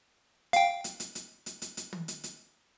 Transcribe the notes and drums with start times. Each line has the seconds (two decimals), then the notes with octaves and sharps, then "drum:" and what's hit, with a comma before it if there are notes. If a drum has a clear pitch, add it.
0.53 F5 G5, drum: hi-hat
0.84 drum: hi-hat
1.00 drum: hi-hat
1.15 drum: hi-hat
1.46 drum: hi-hat
1.62 drum: hi-hat
1.77 drum: hi-hat
1.93 drum: tom
2.08 drum: hi-hat
2.24 drum: hi-hat